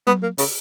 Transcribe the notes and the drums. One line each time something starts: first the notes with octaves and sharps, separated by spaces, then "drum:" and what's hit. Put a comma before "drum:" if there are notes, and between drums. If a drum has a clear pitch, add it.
B3, drum: tom F#3
A#3
C#3, drum: open hi-hat